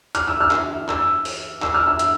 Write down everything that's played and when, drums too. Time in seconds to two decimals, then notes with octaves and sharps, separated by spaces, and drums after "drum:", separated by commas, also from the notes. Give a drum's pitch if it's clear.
0.15 F6, drum: hi-hat
0.28 E6
0.41 F6
0.51 drum: clap
0.89 E6, drum: clap
1.25 drum: open hi-hat
1.62 E6, drum: clap
1.74 F6
1.87 E6
1.99 drum: hi-hat